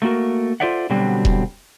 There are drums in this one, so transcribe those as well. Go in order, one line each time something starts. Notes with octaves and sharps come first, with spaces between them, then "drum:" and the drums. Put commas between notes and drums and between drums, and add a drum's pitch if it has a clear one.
A3 A#3 F#4 A#4
F4 A4 C5 D5 E5 F#5
B2 D3 F#3 G3 C4
drum: kick E1